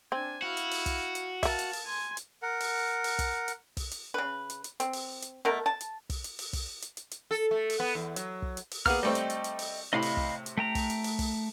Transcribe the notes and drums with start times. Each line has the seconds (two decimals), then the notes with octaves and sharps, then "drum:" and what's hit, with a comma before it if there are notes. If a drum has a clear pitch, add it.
0.12 C4 D4 G#5
0.42 E4 F#4 F5
0.57 drum: hi-hat
0.71 drum: open hi-hat
0.86 drum: kick, hi-hat
1.15 drum: hi-hat
1.43 A#4 E5 F5 A5, drum: kick, open hi-hat
1.59 drum: hi-hat
1.73 drum: open hi-hat
1.84 G#5 C6
2.17 drum: hi-hat
2.42 A#4 F#5
2.60 drum: open hi-hat
3.04 drum: open hi-hat
3.19 drum: kick, hi-hat
3.48 drum: hi-hat
3.77 drum: kick, open hi-hat
3.91 drum: hi-hat
4.14 C#3 B4
4.50 drum: hi-hat
4.64 drum: hi-hat
4.80 C4, drum: hi-hat
4.93 drum: open hi-hat
5.22 drum: hi-hat
5.45 B2 A3 A#4
5.66 A5
5.81 drum: hi-hat
6.10 drum: kick, open hi-hat
6.24 drum: hi-hat
6.39 drum: open hi-hat
6.53 drum: kick, open hi-hat
6.82 drum: hi-hat
6.97 drum: hi-hat
7.11 drum: hi-hat
7.31 A4
7.51 A3
7.70 drum: open hi-hat
7.80 B3
7.95 E2
8.16 F#3, drum: hi-hat
8.42 drum: kick
8.57 drum: hi-hat
8.71 drum: open hi-hat
8.86 A#3 B3 G#4 F6, drum: kick, open hi-hat
9.03 G3 A3 C4 D#5 G5
9.15 drum: hi-hat
9.30 drum: hi-hat
9.44 drum: hi-hat
9.59 drum: open hi-hat
9.93 A2 C3 D#5 F5 B5
10.02 drum: open hi-hat
10.17 drum: kick
10.46 drum: hi-hat
10.57 A3 G5 A#5
10.75 drum: kick, open hi-hat
10.90 drum: hi-hat
11.04 drum: open hi-hat
11.19 drum: kick, open hi-hat